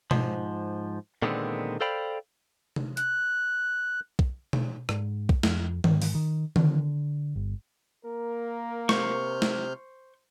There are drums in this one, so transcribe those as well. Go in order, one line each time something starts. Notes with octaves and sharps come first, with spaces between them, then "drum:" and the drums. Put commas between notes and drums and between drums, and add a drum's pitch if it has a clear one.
G#2 F3, drum: tom B2
A#2 D3 D#3 G#3 B3 C4
A4 C5 D5 F5 G5 B5
drum: tom C3
F#6, drum: hi-hat
drum: kick B1
drum: tom B2
G#2, drum: rim click
drum: kick B1
F2, drum: snare
G#2, drum: tom D#3
drum: open hi-hat
D#3
D3, drum: tom D#3
G1
A#3 A#4
C3 C5 C#6 F6 G6, drum: snare
drum: snare